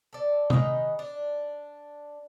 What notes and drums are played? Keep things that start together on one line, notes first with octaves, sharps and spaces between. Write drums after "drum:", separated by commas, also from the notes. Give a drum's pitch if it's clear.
A4 D5
D#3 D#4 G#4 B4, drum: tom
D4